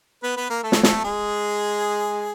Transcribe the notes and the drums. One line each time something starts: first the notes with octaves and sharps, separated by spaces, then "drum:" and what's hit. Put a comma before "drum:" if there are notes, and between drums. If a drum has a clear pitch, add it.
B3 B4
B3 B4
A#3 A#4
A3 A4
drum: snare
A3 A4, drum: snare
G#3 G#4